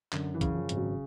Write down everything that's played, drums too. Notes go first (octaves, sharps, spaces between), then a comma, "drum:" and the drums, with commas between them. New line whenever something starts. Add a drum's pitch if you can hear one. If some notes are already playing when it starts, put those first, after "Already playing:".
F#2 D3, drum: clap
E3
C#3, drum: kick B1, hi-hat
F3
G#1, drum: hi-hat
F#3